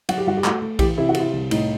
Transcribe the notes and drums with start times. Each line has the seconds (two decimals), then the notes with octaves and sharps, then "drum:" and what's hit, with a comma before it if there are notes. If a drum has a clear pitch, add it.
0.09 F#3 F#4, drum: cymbal
0.18 G4
0.27 G2 F#4
0.37 G4
0.44 A3 F#4, drum: clap
0.62 A3
0.79 E3 G4, drum: kick B1, cymbal
0.98 C3 E4
1.09 F#4
1.15 C3, drum: cymbal
1.20 E4
1.33 C2
1.51 A2 D#4, drum: cymbal